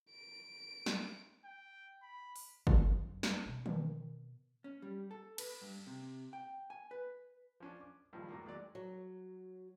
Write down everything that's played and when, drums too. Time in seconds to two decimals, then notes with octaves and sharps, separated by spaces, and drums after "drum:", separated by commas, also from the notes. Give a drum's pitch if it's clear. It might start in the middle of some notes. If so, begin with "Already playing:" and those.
0.11 D7
0.86 drum: snare
1.45 G5
2.02 B5
2.36 drum: open hi-hat
2.67 F#2, drum: kick G1
3.23 drum: snare
3.46 B2
3.66 drum: tom D#3
4.64 C#4
4.82 G3
5.11 A4
5.38 B4, drum: cymbal
5.62 G2
5.87 C3
6.33 G5
6.70 G#5
6.91 B4
7.60 F3 C#4 D4
7.81 D6
8.13 G2 A#2 D#3 F3 G#3
8.30 E2 A2 A#3 F#4
8.45 D#3 F#3 G#3 D5
8.75 F#3